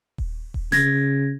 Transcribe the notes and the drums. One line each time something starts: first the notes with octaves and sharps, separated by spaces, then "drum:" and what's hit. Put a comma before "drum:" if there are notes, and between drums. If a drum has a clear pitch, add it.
drum: kick D#1
drum: kick D#1
C#3 G#6 A#6, drum: snare